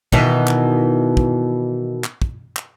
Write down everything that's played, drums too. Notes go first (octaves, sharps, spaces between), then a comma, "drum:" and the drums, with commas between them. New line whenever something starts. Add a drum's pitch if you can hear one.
B2 D#3 E3, drum: kick
drum: clap
drum: kick
drum: clap
drum: kick
drum: clap